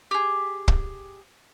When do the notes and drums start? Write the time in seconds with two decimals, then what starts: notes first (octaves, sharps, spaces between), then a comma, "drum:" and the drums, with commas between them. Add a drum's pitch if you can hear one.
0.11 G4 G#4
0.68 drum: kick